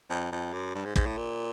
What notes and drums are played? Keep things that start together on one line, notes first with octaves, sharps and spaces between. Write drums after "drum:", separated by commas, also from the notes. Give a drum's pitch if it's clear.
F2
F2
F#2
G2
G#2
G#2, drum: kick
A2
A#2